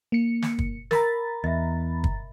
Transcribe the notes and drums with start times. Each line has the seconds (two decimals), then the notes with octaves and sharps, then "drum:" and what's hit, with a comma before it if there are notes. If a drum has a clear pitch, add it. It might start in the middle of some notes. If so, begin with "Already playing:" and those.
0.12 A#3 C#7
0.42 drum: snare
0.59 drum: kick
0.91 A#4 A#5 B5 A6, drum: snare
1.44 E2 D#5 E5
2.04 drum: kick